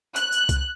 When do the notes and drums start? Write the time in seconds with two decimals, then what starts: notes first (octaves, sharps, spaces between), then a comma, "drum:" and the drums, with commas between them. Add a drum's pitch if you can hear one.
0.16 F#6, drum: tambourine
0.32 drum: tambourine
0.49 drum: kick C2, tambourine